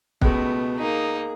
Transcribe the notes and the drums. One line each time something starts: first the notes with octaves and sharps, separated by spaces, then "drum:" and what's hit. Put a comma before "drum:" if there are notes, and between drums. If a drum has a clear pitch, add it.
C#2 B2 G#3 A3 B3, drum: kick
A#3 D#4 G#4